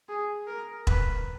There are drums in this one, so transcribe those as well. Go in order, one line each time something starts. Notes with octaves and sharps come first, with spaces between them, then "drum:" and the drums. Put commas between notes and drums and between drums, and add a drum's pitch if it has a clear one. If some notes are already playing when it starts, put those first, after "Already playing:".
G#4
A#4
B4, drum: kick E1